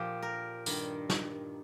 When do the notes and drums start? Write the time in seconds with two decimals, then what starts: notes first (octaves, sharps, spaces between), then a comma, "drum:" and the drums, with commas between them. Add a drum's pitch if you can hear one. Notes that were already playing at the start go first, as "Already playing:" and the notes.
Already playing: A#2 F3 G4
0.22 A#4
0.66 G2 D#3, drum: tambourine
1.09 drum: snare